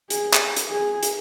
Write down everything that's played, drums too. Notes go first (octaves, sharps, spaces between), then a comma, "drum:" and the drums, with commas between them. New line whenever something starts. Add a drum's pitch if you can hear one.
G#4, drum: hi-hat
drum: clap
drum: hi-hat
G#4
drum: hi-hat